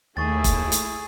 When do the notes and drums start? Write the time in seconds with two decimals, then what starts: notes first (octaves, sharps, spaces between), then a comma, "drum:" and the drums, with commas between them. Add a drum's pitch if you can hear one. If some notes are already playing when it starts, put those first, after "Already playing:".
0.17 D#2 A3 E4 G#4 C#6 A6
0.44 drum: kick E1, hi-hat
0.72 drum: hi-hat